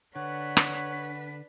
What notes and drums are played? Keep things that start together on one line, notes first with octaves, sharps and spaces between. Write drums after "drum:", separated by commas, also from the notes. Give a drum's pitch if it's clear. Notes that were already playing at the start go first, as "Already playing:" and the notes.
D3 D4 B4 C#5 F#5
drum: rim click